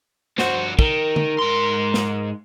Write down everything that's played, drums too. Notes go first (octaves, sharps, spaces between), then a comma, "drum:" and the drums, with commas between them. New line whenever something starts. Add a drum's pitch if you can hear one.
G2 F#4 C5, drum: snare
D#3 A#4, drum: kick
drum: tom D3
G#2 C6
drum: snare